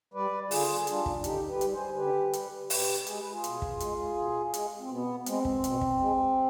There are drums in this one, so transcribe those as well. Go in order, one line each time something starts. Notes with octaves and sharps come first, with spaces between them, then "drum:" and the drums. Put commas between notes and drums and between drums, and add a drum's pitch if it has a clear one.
G3 B4 D5
D3 F4 G#4, drum: open hi-hat
G3 D4 F4, drum: hi-hat
drum: kick
D3 D#4 G4, drum: hi-hat
G4 B4
G3, drum: hi-hat
G#4 C5
D3 G4 B4
G3, drum: hi-hat
B2 G4 B4, drum: open hi-hat
G#3 G#4, drum: hi-hat
B4
F4 G#4
B2, drum: hi-hat
drum: kick
G#3, drum: hi-hat
B2
G#3, drum: hi-hat
C4
B2 B3
G#3 C4, drum: hi-hat
drum: kick
B2, drum: hi-hat
drum: kick
G#3